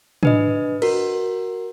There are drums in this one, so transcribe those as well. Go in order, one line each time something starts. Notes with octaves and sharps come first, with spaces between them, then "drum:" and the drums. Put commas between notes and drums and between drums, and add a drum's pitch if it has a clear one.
D4 B4 D#5, drum: tom
F#4 A#4, drum: cymbal